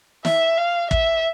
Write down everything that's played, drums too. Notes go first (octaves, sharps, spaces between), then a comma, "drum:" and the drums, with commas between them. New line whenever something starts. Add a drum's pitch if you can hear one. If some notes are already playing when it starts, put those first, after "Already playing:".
E5, drum: snare
F5
E5, drum: kick